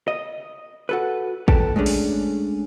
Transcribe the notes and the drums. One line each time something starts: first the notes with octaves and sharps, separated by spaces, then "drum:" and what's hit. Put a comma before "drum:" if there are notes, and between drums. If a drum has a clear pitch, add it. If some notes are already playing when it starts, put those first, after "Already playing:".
D#5
F#4 A4 B4
A2 A4 B4 G5 A5, drum: kick G#1
G#3 A3 C#4 D4 G#4
drum: open hi-hat